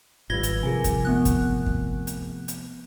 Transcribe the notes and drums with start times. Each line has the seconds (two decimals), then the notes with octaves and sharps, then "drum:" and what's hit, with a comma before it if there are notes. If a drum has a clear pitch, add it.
0.30 G#1 G3 F4 B4 E6 G#6 A#6 G7
0.43 drum: hi-hat
0.63 C3 F3 G#4 A#4 G#5
0.84 drum: kick, hi-hat
1.05 A3 B3 F#6
1.25 drum: kick, hi-hat
1.66 drum: kick
2.07 drum: hi-hat
2.48 drum: hi-hat